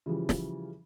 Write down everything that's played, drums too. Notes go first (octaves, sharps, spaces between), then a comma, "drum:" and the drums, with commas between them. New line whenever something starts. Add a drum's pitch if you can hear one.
C#3 E3 F3 G3
drum: snare